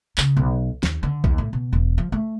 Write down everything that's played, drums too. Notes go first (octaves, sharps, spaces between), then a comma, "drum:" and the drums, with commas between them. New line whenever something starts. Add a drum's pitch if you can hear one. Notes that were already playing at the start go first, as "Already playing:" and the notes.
C#3, drum: clap
B1
D#2, drum: snare
D3
D#2, drum: kick
A2
B2
E1
F3
A3